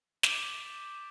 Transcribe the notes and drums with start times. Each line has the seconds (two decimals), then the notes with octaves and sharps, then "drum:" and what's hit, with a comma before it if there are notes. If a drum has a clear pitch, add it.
0.23 D6 G6 A6 B6 D7 E7, drum: snare